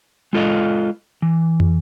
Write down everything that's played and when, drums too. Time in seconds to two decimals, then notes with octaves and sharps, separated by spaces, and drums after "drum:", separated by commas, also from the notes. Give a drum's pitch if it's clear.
0.33 G#3 F4 A4 D#5 F5
1.22 E3
1.60 drum: tom